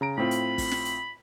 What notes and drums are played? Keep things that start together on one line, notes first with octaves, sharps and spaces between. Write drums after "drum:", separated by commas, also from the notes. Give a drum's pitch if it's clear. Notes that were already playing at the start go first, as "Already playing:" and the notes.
C#3 A#5 D7
A2 C4 F4 B5
drum: hi-hat
drum: kick, open hi-hat
drum: snare
drum: hi-hat